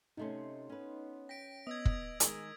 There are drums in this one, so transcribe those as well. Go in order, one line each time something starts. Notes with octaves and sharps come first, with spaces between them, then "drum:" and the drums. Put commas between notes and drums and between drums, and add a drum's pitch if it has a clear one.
C3 A3 C#4 D#4 D#5 C6
B3 C#4 B4
G5 A#6 B6 D7
B3 D#5 D#6 E6 G#6
drum: kick
D#3 G#3 G#4, drum: hi-hat